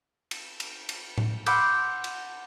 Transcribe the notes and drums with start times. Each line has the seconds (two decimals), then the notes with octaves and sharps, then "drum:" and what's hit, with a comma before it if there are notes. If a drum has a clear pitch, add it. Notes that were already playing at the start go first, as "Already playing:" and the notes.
0.31 drum: cymbal
0.60 drum: cymbal
0.89 drum: cymbal
1.18 drum: tom A2
1.46 F#5 B5 C6 D6 E6 G6, drum: cymbal
2.04 drum: cymbal